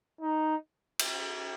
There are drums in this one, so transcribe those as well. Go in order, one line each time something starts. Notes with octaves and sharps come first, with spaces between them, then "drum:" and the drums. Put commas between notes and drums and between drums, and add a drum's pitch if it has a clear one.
D#4
drum: cymbal